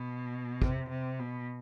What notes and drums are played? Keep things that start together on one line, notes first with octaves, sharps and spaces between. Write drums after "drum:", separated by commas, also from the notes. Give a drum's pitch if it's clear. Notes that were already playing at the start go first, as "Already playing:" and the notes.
Already playing: B2
C3, drum: kick
C3
B2